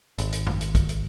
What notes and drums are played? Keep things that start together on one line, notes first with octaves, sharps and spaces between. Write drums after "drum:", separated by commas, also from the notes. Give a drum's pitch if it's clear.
G#1, drum: hi-hat
drum: hi-hat
drum: tom F#2
drum: hi-hat
drum: kick, hi-hat
drum: hi-hat